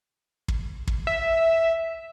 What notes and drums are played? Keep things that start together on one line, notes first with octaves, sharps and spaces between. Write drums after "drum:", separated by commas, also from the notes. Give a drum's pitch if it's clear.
drum: kick
drum: kick
E5